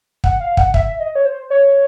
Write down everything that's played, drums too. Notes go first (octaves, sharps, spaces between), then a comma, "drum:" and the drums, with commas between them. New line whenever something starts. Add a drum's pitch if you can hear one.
F#5, drum: kick
F5
F#5, drum: kick
E5, drum: kick
D#5
C#5
C5
C#5